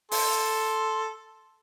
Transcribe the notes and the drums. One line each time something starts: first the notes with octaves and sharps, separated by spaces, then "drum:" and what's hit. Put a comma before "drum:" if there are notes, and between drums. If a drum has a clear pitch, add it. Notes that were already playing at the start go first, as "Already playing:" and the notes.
A4 C6, drum: open hi-hat